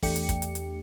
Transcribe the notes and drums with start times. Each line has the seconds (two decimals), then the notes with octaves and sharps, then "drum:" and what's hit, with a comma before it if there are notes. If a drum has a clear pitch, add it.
0.03 E2 A3 D4 G4 C#7, drum: kick, open hi-hat
0.16 drum: hi-hat
0.29 drum: kick, hi-hat
0.42 drum: hi-hat
0.55 drum: hi-hat